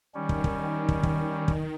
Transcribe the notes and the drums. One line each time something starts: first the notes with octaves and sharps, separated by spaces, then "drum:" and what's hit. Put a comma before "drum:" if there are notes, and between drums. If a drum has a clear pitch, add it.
D#3 G3 C#4
drum: kick
drum: kick
drum: kick
drum: kick
drum: kick